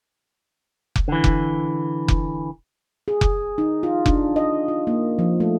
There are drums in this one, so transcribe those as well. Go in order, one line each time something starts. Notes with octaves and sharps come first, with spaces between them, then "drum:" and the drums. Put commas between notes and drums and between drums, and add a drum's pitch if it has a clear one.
drum: kick F1
D3 E3
drum: kick F1
drum: kick F1
G#4
drum: kick F1
D#4
F4
D4, drum: kick F1
D#5
F4
A#3
F3
A3